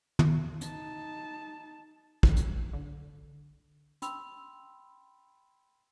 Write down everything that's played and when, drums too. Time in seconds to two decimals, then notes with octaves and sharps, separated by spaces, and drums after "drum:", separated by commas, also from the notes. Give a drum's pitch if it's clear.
0.19 drum: tom
0.61 D#4 A5, drum: hi-hat
2.23 drum: kick
2.36 drum: hi-hat
2.73 D3
4.02 G5 B5 C6 E6 F7, drum: hi-hat